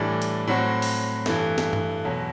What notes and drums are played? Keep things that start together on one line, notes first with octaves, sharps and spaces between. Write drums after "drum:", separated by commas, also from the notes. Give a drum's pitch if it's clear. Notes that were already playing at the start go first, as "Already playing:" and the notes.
Already playing: A2 E3 G3 D4 A4
drum: hi-hat
A2 F#3 C4 F#4
drum: open hi-hat
G2 E3 A3, drum: snare
drum: snare
drum: tom G2
E2 B2 F#3